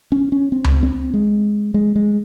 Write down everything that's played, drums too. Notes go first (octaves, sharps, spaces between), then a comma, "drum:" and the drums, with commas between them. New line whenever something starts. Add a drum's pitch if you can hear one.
C#4
C#4
C4
drum: tom C#2
C4
G#3
G#3
G#3